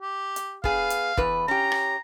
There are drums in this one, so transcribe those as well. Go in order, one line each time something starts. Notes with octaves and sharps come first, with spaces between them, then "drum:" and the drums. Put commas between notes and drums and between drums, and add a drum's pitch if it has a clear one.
G4
drum: hi-hat
B3 G#4 F5, drum: kick
drum: hi-hat
E2 B4, drum: kick
C#4 G4 A#5
drum: rim click